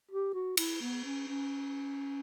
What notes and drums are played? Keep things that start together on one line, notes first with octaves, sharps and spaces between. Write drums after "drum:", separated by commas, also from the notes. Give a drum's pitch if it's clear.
G4
F#4
E4, drum: cymbal
B3
C#4
C#4